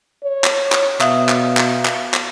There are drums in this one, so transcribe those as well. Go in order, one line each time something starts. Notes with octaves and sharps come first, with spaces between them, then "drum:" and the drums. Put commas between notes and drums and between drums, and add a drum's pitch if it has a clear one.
C#5
drum: clap
drum: clap
B2 E5 F5 D#6, drum: clap
drum: clap
drum: clap
drum: clap
drum: clap